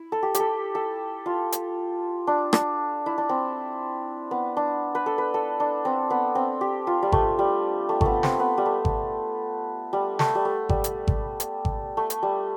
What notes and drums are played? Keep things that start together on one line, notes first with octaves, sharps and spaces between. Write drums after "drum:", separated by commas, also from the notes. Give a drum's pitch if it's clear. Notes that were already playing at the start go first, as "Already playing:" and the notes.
Already playing: E4
A4
G4
G4, drum: hi-hat
A4
A4
F4
drum: hi-hat
D4
D4, drum: rim click
E4
D4
C4
B3
D4
B4
A4
B4
A4
D4
C4
B3
C4
G4
F4
G3
A3, drum: kick G#1
G3
A3
A3 B3, drum: kick G#1
C4, drum: snare
B3
G3
A3
drum: kick G#1
G3
A3, drum: snare
G3
A3
G3, drum: kick G#1
drum: hi-hat
drum: kick G#1
drum: hi-hat
drum: kick G#1
A3
drum: hi-hat
G3